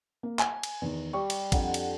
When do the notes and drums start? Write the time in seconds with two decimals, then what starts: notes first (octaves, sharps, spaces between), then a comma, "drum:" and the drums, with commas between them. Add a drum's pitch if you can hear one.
0.23 A#3
0.39 G#5, drum: clap
0.63 drum: cymbal
0.82 E2 D#3
1.13 G3 C#6
1.30 drum: cymbal
1.52 F2 D3 F#5 A#5, drum: kick, cymbal
1.74 drum: cymbal